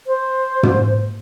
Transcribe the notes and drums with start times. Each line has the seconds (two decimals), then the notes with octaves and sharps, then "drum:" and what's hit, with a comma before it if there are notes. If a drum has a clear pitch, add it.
0.07 C5
0.63 drum: tom